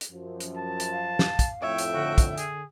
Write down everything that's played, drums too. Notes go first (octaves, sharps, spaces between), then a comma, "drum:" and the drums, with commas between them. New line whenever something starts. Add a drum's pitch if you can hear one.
drum: hi-hat
F#2 F3
drum: hi-hat
A5
drum: hi-hat
F5
drum: snare
drum: kick, hi-hat
F2 A2 C#5 E5 G5
drum: hi-hat
D3 F#4
drum: kick, hi-hat
G#4, drum: hi-hat